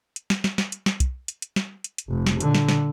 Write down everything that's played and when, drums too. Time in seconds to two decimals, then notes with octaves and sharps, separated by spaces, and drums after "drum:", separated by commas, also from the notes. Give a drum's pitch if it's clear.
0.16 drum: hi-hat
0.30 drum: snare
0.44 drum: snare
0.58 drum: snare
0.72 drum: hi-hat
0.86 drum: snare
1.00 drum: kick, hi-hat
1.28 drum: hi-hat
1.42 drum: hi-hat
1.56 drum: snare
1.84 drum: hi-hat
1.98 drum: hi-hat
2.08 F1
2.26 drum: snare
2.41 A#2 D3, drum: hi-hat
2.55 drum: snare
2.69 drum: snare